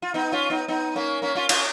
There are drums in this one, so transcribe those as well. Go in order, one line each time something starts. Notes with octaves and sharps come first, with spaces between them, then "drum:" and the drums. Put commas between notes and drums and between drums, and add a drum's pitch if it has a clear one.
F4
B3 D#4
C#4 F4
B3 D#4
B3 D#4
A#3 C#4
A#3 C#4
C#4 F4
C#4 F4, drum: cymbal